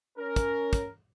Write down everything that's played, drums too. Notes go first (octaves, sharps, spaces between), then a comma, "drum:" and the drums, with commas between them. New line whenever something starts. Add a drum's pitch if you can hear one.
C#4 A#4
drum: kick, hi-hat
drum: kick, hi-hat